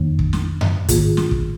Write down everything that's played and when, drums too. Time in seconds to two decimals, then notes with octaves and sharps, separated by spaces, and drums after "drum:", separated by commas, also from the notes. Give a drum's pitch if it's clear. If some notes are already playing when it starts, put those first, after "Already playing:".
Already playing: F2 D#3 A#3
0.19 drum: kick
0.33 drum: snare
0.61 drum: tom F2
0.89 G#2 D#3 A#3 F4 G#4, drum: kick, hi-hat
1.17 drum: snare
1.31 drum: kick